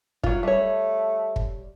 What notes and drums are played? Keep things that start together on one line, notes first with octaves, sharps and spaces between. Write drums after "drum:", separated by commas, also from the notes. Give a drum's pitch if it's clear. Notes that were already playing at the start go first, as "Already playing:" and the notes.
F#3 F4, drum: kick
G3 A3 C#5
drum: kick